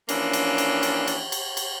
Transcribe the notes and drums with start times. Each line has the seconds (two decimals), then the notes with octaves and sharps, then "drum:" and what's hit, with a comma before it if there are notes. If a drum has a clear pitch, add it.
0.09 E3 F3 A#3 C#4 D4, drum: cymbal
0.33 drum: cymbal
0.58 drum: cymbal
0.83 drum: cymbal
1.07 drum: cymbal
1.32 drum: cymbal
1.57 drum: cymbal